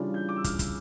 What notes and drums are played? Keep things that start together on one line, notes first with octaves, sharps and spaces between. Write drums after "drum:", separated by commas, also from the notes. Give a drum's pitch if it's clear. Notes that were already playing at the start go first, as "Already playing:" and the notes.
Already playing: C#3 E3 G3 D4 F4
G6
D6
E6
F6, drum: kick, hi-hat
drum: kick, hi-hat